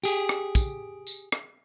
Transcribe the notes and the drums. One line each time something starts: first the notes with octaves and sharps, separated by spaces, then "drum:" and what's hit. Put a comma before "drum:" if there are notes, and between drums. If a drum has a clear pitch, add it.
G4 G#4, drum: tambourine
drum: rim click
drum: kick, tambourine
drum: tambourine
drum: rim click